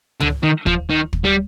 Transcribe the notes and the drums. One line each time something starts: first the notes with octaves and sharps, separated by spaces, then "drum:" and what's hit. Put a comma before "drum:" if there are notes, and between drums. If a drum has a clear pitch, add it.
D3, drum: tom
D#3
F3, drum: kick
D#3
drum: kick
G3